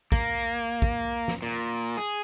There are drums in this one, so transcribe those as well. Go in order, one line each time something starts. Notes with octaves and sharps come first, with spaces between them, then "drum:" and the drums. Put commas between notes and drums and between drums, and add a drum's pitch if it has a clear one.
A#3, drum: kick
drum: kick
drum: snare
A#2
G#4